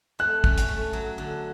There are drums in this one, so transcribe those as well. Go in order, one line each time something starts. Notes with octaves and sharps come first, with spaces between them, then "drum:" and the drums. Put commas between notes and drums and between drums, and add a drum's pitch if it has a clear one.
A3 F#6
C#4, drum: kick
drum: hi-hat
A3
F#3
D3